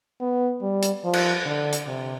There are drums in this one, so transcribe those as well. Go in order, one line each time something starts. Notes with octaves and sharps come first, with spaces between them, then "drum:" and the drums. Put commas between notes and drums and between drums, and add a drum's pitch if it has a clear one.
B3
G3
drum: hi-hat
F3
drum: cymbal
D3
drum: hi-hat
C3